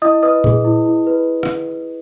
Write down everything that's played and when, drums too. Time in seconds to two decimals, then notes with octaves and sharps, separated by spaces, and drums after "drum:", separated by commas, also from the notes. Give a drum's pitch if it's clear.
0.02 E4 D#5 D#6
0.23 B4 D#5 D#6
0.44 G#4, drum: tom A#2
0.64 E4
0.86 E4
1.07 B4
1.43 drum: rim click